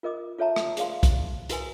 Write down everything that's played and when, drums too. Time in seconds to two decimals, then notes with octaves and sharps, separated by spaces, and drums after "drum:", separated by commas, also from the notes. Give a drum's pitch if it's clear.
0.03 F4 A#4 D#5 D6 D#6
0.38 F4 A4 C#5 E5 A5 A#5
0.56 drum: rim click
0.77 G#4 D5 F5 C6, drum: hi-hat
1.03 drum: kick, hi-hat
1.49 E4 F#4 A#4 B4 G#5, drum: hi-hat